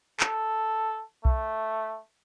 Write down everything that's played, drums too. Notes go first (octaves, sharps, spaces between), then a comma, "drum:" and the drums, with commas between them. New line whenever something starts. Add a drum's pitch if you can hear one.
A4, drum: clap
A3, drum: kick B1